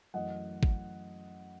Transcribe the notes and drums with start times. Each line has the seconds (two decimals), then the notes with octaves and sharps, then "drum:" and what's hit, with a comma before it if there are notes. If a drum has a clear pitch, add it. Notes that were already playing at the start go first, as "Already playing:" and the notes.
0.14 F#2 E3 A3 D#5 F#5
0.63 drum: kick